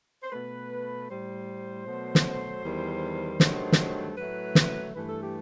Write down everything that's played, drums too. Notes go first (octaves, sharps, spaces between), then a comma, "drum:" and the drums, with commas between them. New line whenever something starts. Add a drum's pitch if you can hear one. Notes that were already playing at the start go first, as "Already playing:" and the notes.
C5
B2 A3 B4
A2 G3 C5
B2 F#3 A3
drum: snare
E2 D#3 G3
G2 D#3 F#3 A3, drum: snare
drum: snare
A2 F#3 A3 B4
drum: snare
G2 E3 A3 B4
A4
G4